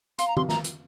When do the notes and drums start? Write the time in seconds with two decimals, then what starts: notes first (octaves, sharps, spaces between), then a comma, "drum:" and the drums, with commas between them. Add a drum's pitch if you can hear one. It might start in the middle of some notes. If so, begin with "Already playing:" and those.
0.18 F5 C6, drum: hi-hat
0.28 A#5
0.37 C6, drum: tom D#3
0.49 A#5, drum: snare
0.64 drum: hi-hat